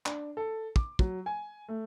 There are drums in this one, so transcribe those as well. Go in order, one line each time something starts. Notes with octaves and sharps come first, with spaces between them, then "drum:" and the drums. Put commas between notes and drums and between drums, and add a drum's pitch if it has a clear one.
D4, drum: clap
A4
D6, drum: kick
F#3, drum: kick
G#5
A3